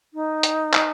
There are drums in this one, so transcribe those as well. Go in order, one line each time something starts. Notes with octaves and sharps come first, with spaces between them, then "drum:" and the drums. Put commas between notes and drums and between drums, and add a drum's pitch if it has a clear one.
D#4
drum: hi-hat
drum: clap